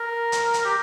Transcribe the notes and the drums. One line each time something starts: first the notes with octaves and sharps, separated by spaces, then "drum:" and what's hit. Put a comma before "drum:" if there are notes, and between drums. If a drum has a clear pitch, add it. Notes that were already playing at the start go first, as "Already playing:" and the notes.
Already playing: A#4
drum: hi-hat
drum: hi-hat
G4